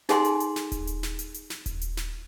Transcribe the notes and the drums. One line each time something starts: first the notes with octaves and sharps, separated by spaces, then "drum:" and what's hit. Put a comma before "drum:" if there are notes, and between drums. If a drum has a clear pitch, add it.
D#4 G#4 A4 F#5 G#5 C6, drum: snare
drum: hi-hat
drum: hi-hat
drum: snare
drum: kick D#1, hi-hat
drum: hi-hat
drum: snare
drum: hi-hat
drum: hi-hat
drum: snare
drum: kick D#1, hi-hat
drum: hi-hat
drum: snare